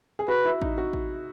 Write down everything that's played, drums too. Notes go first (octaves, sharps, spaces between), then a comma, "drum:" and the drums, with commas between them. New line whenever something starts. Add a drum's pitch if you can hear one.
G#4
F#4 B4
E4
D#4, drum: kick A1
F#4
drum: kick A1